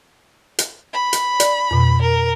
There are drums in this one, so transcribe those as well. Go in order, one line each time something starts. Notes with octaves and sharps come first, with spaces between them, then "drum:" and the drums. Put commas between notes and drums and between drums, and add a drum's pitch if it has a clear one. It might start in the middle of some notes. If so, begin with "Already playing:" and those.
drum: hi-hat
B5
drum: hi-hat
D5, drum: hi-hat
F2 B2
A#4